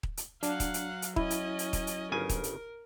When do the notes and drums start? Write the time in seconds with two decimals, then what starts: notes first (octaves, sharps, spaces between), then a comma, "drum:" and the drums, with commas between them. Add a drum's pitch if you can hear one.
0.03 drum: kick D#1
0.17 drum: hi-hat
0.43 F#3 D4 F5 F#5, drum: hi-hat
0.60 drum: kick D#1, hi-hat
0.74 drum: hi-hat
1.02 drum: hi-hat
1.16 C#4 E4 D#5, drum: kick D#1
1.30 drum: hi-hat
1.59 drum: hi-hat
1.73 drum: kick D#1, hi-hat
1.87 drum: hi-hat
2.12 G1 C#3 A#4 G#5
2.29 drum: kick D#1, hi-hat
2.44 drum: hi-hat